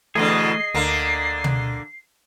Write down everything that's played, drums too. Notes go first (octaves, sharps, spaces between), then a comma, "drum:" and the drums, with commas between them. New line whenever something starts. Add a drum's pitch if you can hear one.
E2 B2 D3 A3 G#4 D#5 C7
D2 D3 A#3
drum: tom